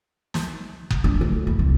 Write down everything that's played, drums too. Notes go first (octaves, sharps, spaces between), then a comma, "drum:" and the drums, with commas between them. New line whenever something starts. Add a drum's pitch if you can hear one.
drum: snare
drum: kick F#1
D4
D2
D#2 E4
C2